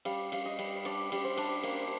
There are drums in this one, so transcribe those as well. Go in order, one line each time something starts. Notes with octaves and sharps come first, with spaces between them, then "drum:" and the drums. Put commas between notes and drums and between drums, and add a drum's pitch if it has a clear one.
G3 F5, drum: cymbal
G3 F5, drum: cymbal
D#5
G3, drum: cymbal
D4 D5, drum: cymbal
G3, drum: cymbal
C5
D4, drum: cymbal
A#3, drum: cymbal